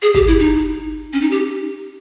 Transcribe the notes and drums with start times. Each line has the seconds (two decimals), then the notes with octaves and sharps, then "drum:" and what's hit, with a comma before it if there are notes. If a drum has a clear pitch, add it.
0.02 G#4
0.14 G4, drum: kick
0.27 E4
0.39 D#4
1.13 C#4
1.22 D#4
1.31 G4